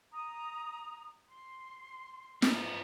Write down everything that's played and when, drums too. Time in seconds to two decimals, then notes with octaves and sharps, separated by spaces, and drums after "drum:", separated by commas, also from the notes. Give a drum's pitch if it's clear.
0.12 A#5 D#6
1.28 C6
2.42 F3 B3, drum: snare